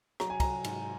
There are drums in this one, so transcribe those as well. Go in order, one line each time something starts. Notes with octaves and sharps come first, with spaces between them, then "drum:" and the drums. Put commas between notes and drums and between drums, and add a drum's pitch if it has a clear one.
F#3 A#5, drum: rim click
G#5
F#3 A#5, drum: kick, cymbal
G#2, drum: cymbal